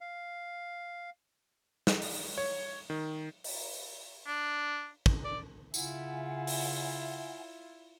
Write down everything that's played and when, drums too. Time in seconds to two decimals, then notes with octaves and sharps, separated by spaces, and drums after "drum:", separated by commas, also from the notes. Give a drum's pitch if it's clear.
0.01 F5
1.87 drum: snare
2.02 drum: open hi-hat
2.38 C#5
2.90 D#3
3.44 drum: open hi-hat
4.27 D4
5.06 drum: kick
5.25 D5
5.74 C#3 E4 F4 E5 F#5 G#5, drum: tambourine
6.47 drum: open hi-hat